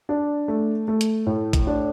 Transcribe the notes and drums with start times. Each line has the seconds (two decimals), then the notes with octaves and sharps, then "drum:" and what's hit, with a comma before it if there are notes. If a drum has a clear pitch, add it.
0.09 D4
0.48 A3
0.88 A3
1.01 drum: hi-hat
1.26 A2
1.53 drum: kick, hi-hat
1.67 D4